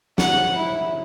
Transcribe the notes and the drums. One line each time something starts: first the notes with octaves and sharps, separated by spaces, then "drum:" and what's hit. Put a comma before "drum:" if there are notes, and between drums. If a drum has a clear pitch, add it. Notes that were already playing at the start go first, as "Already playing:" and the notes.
F#5, drum: snare
E4